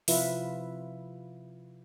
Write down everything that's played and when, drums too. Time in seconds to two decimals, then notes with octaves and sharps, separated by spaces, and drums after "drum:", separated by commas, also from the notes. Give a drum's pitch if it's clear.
0.08 C3 F3 E4 F4 B4 E5, drum: open hi-hat